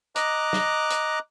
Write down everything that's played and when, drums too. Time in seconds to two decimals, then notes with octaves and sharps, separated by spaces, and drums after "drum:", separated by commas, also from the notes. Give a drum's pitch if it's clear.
0.16 D#5 A#5 D6 F#6, drum: hi-hat
0.53 drum: snare
0.90 drum: hi-hat